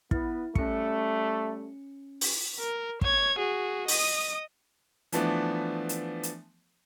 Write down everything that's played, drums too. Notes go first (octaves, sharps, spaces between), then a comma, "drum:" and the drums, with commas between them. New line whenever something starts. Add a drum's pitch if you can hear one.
B3 E4, drum: kick
G3 A3 C#4 C#7, drum: kick
drum: open hi-hat
A#4
C#5 G#6, drum: kick
F#4 G#4
D#5 D#6, drum: open hi-hat
E3 F3 A3 B3 D4, drum: hi-hat
drum: hi-hat
drum: hi-hat